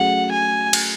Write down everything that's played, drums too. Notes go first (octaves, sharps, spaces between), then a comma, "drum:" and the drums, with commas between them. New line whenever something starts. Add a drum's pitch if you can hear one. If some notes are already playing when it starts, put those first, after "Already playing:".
Already playing: F#3 A3 C#4 G#4 F#5
G#5
drum: cymbal